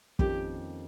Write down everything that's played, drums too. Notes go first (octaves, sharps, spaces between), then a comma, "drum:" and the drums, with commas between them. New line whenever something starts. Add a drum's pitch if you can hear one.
F2 D#3 A#3 C#4 G4, drum: kick